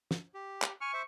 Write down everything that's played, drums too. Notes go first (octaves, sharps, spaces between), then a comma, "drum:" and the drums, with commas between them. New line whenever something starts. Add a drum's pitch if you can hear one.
drum: snare
G4
drum: clap
G#5 C#6 F6
C5 E5